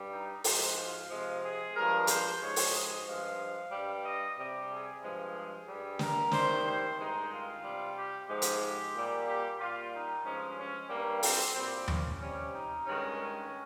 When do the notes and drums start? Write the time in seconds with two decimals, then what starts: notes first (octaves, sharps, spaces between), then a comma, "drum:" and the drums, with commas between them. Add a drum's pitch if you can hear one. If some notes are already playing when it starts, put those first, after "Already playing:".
Already playing: G2 G3
0.11 D#4
0.44 G#2 F3 G#3 C5, drum: open hi-hat
0.77 F4
1.10 C3 F3 G#3
1.42 G#4
1.75 G2 F3 G#3 A#4
2.07 C5, drum: hi-hat
2.39 G#2 F3 G#3 C#5
2.56 drum: open hi-hat
2.73 D#5
3.05 G2 F3 G#3 F5
3.70 G2 G3
4.03 D#5
4.36 C3 G3
4.69 G#4
5.02 G2 F3 G#3
5.34 G#4
5.67 G2 G3
5.99 A#4, drum: snare
6.31 C3 D#3 G3 C5, drum: snare
6.65 C5
6.97 G2 D#3 G#3 D#4
7.30 F4
7.63 C3 G3
7.95 G4
8.28 G#2 F3 G#3 G4
8.42 drum: hi-hat
8.93 A#2 G3
9.26 G4
9.59 A#2 G3 F4
9.92 D#4
10.24 G2 F3 G#3 C#4
10.57 C#4
10.89 G2 G3 A#3
11.23 C4, drum: open hi-hat
11.54 A#2 G3 C4
11.88 C#4, drum: tom D#2
12.20 C3 G3 C#4
12.53 D#4
12.85 G2 D#3 G#3 C#4
13.18 C#4